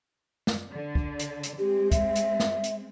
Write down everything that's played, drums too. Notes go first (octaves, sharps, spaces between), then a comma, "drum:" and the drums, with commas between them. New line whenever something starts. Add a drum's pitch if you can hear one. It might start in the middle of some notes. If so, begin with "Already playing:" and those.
drum: snare
D3
drum: kick
drum: hi-hat
drum: hi-hat
G#3 C4 G4
E5, drum: kick, hi-hat
drum: hi-hat
drum: snare
drum: hi-hat